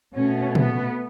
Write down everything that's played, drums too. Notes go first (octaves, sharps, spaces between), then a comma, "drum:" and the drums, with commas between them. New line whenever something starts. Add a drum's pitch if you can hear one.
B2 A3 C#4
B3, drum: tom